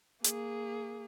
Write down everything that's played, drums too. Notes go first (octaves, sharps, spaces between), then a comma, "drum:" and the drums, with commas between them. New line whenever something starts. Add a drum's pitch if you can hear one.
A#3 G#4, drum: hi-hat